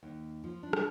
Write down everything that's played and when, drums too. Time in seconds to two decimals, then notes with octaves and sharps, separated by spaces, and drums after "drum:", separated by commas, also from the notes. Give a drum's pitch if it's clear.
0.03 D#2
0.44 F3
0.63 D4
0.73 drum: rim click